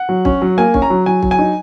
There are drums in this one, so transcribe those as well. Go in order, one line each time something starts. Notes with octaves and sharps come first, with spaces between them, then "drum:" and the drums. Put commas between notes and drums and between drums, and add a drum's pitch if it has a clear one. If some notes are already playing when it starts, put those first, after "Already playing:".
Already playing: F#5
F#3
C#4, drum: kick
F#3
A#3 G#5
C#4, drum: kick
A#5
F#3
F#3 G#5
F#3, drum: kick
G#5
D#4